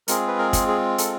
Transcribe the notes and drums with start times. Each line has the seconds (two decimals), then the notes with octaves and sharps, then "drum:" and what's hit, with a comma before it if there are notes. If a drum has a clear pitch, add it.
0.08 G#3 C4 F4 G#4 A#4, drum: hi-hat
0.27 B4
0.39 A#4
0.53 drum: kick, hi-hat
0.68 G#4
0.98 A4, drum: hi-hat